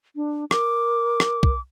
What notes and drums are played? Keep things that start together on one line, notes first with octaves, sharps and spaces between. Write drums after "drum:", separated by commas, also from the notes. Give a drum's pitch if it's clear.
D4
A#4 D6, drum: rim click
drum: rim click
drum: kick